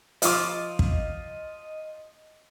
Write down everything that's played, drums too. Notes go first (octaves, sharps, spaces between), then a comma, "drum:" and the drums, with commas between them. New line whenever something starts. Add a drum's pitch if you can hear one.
F3 F4 D#5 D6, drum: hi-hat
drum: kick